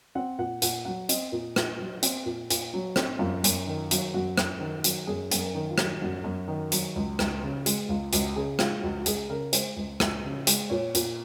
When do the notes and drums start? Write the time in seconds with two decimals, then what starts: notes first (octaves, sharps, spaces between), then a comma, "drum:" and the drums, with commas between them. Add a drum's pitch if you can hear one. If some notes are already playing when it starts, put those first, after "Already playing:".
0.15 C4 F#5
0.38 A#2 F#5
0.62 A#2 F#5, drum: hi-hat
0.85 F#3 F#5
1.09 C4 D#5, drum: hi-hat
1.32 A#2
1.56 A#2, drum: rim click
1.80 F#3
2.02 C4, drum: hi-hat
2.25 A#2
2.50 A#2, drum: hi-hat
2.74 F#3
2.96 C4, drum: rim click
3.19 F#2 F4
3.44 F#2, drum: hi-hat
3.67 D#3
3.91 F#3, drum: hi-hat
4.14 F#2 F#4
4.38 F#2, drum: rim click
4.60 D#3
4.84 F#3, drum: hi-hat
5.07 F#2 G#4
5.31 F#2, drum: hi-hat
5.38 A#4
5.54 D#3
5.70 F4
5.78 F#3, drum: rim click
6.01 F#2 F#4
6.24 F#2
6.48 D#3
6.72 F#3, drum: hi-hat
6.96 C#2
7.19 C#2, drum: rim click
7.43 C#3
7.66 G#3, drum: hi-hat
7.89 C#2 F4
8.12 C#2 F#4, drum: hi-hat
8.36 C#3 G#4
8.59 G#3 F4, drum: rim click
8.82 C#2 F#4
9.00 F#4
9.06 C#2 G#4, drum: hi-hat
9.29 C#3 A#4
9.53 G#3 C5, drum: hi-hat
9.76 C#2
10.00 C#2, drum: rim click
10.24 C#3
10.47 G#3, drum: hi-hat
10.70 A#2 C#5
10.94 A#2, drum: hi-hat